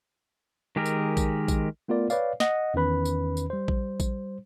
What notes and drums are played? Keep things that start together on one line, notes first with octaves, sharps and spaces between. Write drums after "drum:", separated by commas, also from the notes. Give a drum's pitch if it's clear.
D#3 G#3 G4 G#4 A#4
drum: tambourine
drum: kick A#1, tambourine
drum: kick A#1, tambourine
A3 B3 F4 A#4 D5
B4 C#5 D5 F5, drum: tambourine
D#5 F#5, drum: snare
E2 D#3 C#4 B4 B5
drum: tambourine
drum: tambourine
G3 C5
drum: kick A#1
drum: kick A#1, tambourine